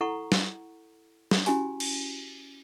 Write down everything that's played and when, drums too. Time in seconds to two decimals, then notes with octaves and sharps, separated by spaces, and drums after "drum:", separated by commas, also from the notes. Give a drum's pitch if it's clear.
0.01 E4 A4 F#5 A#5 C#6
0.32 drum: snare
1.31 drum: snare
1.46 C#4 E4 F#4 G4 G#5 B5, drum: open hi-hat
1.80 drum: cymbal